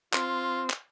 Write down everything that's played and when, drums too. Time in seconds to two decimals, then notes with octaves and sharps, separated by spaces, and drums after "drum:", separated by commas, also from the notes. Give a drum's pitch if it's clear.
0.14 C4 F4, drum: clap
0.70 drum: clap